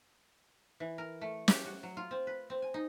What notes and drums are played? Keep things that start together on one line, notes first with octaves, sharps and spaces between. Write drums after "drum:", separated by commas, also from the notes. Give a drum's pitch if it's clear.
E3
A#4
A3
G4, drum: snare
F#4
F#3
F4
C4
B4
C4
G#5
D#4